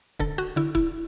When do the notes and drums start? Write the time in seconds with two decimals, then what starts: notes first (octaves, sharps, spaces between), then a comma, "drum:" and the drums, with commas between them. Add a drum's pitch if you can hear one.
0.19 D3 A4, drum: kick C#1
0.38 F#4
0.56 D3 E4
0.75 E4, drum: kick C#1